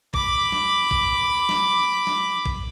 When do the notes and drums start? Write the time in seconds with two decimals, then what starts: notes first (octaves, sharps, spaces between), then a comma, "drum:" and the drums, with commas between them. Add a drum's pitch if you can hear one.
0.14 B5 D6, drum: kick
0.52 drum: snare
0.91 drum: kick
1.49 drum: snare
2.07 drum: snare
2.46 drum: kick